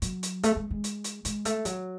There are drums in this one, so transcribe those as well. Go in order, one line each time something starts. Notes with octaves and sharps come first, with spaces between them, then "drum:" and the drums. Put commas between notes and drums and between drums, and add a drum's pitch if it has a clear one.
F#3, drum: hi-hat
drum: hi-hat
A3, drum: hi-hat
G#3
G#3
drum: hi-hat
drum: hi-hat
G#3, drum: hi-hat
A3, drum: hi-hat
F#3, drum: hi-hat